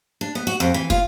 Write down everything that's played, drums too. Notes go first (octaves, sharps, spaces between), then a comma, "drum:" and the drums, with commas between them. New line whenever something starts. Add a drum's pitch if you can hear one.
D4
B3
F#4
F2
E3
F4, drum: kick